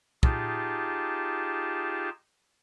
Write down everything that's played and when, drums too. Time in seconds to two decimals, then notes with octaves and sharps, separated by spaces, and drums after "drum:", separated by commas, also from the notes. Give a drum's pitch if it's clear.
0.23 D#4 F4 G4 G#4 A5, drum: kick